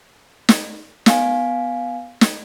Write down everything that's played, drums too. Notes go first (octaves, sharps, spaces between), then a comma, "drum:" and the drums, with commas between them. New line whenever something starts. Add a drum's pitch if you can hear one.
drum: snare
B3 F5 G#5, drum: snare
drum: snare